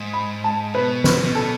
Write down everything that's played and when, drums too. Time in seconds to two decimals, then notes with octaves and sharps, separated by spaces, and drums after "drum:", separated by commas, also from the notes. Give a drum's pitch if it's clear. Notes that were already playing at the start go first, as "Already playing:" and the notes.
Already playing: G#2
0.14 B5
0.44 A5
0.74 B2 B4
1.04 B4, drum: snare
1.20 B2
1.35 A4